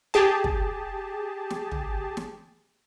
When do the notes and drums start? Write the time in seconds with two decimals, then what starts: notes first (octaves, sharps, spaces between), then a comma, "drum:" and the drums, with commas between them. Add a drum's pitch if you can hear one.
0.14 G4 G#4 A5
0.44 drum: kick
1.50 drum: snare
1.72 drum: tom
2.17 drum: snare